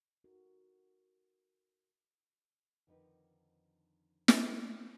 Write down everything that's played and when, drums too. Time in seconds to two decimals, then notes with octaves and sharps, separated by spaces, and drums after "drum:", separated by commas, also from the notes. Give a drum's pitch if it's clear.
0.24 D#4 F#4 A4 A#4
2.87 F2 D3 D#3 F3 D#4 B4
4.28 drum: snare